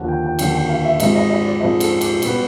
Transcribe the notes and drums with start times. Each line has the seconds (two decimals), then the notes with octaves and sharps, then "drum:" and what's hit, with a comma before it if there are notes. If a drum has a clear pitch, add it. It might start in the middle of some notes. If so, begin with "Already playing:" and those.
Already playing: D#2 D3 F3 F#5
0.08 G5
0.23 G5
0.39 D#2 D3 F3 G5, drum: cymbal
0.55 G5
0.69 F5
0.85 E5
1.00 G#2 F3 G#3 C4 D#5, drum: cymbal
1.15 D#5
1.30 D#5
1.45 D5
1.61 G#2 F3 G#3 C4 D#5
1.80 A4, drum: cymbal
2.01 G4, drum: cymbal
2.22 B2 G3 B3, drum: cymbal